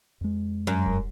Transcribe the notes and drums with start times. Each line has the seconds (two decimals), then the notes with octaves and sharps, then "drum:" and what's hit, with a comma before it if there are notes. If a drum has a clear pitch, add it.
0.21 F2 G#3
0.67 F#2
0.86 drum: kick E1